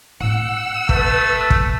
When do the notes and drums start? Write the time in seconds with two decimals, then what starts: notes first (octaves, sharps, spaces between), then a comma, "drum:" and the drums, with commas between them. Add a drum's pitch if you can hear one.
0.21 A2 C4 F#5 E6
0.89 A3 B4, drum: kick
1.50 drum: kick